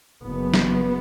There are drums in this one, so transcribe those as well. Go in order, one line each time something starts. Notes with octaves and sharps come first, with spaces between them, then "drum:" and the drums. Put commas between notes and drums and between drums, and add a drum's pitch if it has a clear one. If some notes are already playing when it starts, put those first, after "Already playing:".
F#1 F#2 B3
drum: snare